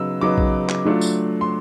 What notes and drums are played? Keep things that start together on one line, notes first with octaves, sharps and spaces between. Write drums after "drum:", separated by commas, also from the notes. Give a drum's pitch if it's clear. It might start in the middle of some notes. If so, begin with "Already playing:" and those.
Already playing: C#3 F#3 B3 D#4 E6
C#3 F#3 B3 D#4 D6
drum: kick A#1
drum: clap
F#3 A3 D4 F4
drum: tambourine
C6